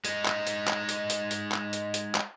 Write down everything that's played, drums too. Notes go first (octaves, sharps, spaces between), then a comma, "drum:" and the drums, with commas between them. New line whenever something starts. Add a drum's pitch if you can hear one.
G#3 D#4, drum: hi-hat
drum: clap
drum: hi-hat
drum: clap
drum: hi-hat
drum: hi-hat
drum: hi-hat
drum: clap
drum: hi-hat
drum: hi-hat
drum: clap